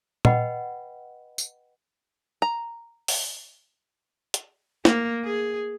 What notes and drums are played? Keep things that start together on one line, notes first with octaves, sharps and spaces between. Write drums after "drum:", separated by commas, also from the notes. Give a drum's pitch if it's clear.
B4 D#5 F#5 G5 B5, drum: tom A#2
drum: tambourine
A#5
drum: open hi-hat
drum: hi-hat
A#3, drum: snare
G#4